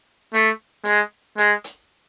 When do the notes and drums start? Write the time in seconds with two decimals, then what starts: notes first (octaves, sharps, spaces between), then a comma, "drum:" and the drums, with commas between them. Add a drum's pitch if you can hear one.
0.34 A3, drum: hi-hat
0.85 G#3, drum: hi-hat
1.38 G#3, drum: hi-hat
1.64 drum: hi-hat